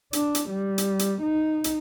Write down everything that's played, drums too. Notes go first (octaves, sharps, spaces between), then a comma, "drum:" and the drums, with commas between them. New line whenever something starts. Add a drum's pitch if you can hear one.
D4, drum: hi-hat
drum: hi-hat
G3
drum: hi-hat
drum: hi-hat
D#4
drum: hi-hat